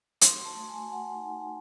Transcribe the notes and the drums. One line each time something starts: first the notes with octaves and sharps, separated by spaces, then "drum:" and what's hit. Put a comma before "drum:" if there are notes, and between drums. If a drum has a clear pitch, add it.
F#4 C6, drum: hi-hat
A5
A3
G#5
F#4
F#5
D#4 F#5
D#4